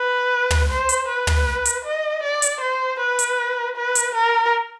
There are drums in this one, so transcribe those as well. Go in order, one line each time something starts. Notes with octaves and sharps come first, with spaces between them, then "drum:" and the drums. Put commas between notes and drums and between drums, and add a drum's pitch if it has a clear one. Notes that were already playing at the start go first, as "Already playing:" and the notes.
Already playing: B4
drum: tom
C5
drum: hi-hat
B4
drum: tom
drum: hi-hat
D#5
D5
drum: hi-hat
C5
B4
drum: hi-hat
B4
drum: hi-hat
A#4